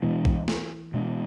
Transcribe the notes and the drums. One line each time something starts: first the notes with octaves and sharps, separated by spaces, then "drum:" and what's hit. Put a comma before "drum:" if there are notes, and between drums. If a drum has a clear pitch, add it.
B2 E3 G#3 B3 D4
drum: kick A#1
drum: snare
B2 G#3 B3 D4